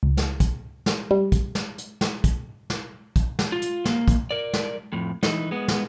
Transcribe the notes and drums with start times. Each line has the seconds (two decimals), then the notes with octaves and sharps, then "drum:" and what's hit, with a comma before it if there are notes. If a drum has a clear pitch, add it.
0.03 C#2
0.17 drum: snare
0.40 drum: kick, hi-hat
0.86 drum: snare
1.11 G3
1.32 drum: kick, hi-hat
1.55 drum: snare
1.78 drum: hi-hat
2.01 drum: snare
2.24 drum: kick, hi-hat
2.70 drum: snare
3.16 drum: kick, hi-hat
3.39 drum: snare
3.52 F4
3.62 drum: hi-hat
3.85 A#3, drum: snare
4.08 drum: kick, hi-hat
4.31 A#4 D5
4.54 drum: snare
4.92 F2 A2
5.23 E3 D#4, drum: snare
5.51 G#3 B3
5.68 drum: snare